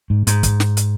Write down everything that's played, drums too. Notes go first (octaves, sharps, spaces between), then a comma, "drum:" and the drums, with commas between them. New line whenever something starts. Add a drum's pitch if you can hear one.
G#2
G#2, drum: hi-hat
drum: kick, hi-hat
drum: snare
drum: hi-hat